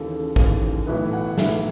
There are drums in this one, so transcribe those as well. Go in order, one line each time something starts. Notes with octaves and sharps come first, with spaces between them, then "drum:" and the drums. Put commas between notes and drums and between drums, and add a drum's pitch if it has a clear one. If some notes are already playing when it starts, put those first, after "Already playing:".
Already playing: D#2 C#3 E3 A4
D#2 C#3 E3, drum: kick
B1 A2 E3 A3 E4 B4
F#5
B1 A2 E3 A3 E4 E5, drum: snare